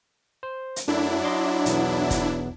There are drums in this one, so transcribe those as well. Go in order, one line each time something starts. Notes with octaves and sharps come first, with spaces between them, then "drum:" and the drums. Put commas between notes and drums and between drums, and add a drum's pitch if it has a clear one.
C5
drum: hi-hat
F#2 F#3 A3 D4 E4
D#5 C6 D6
B1 E2 B3, drum: hi-hat
drum: kick, hi-hat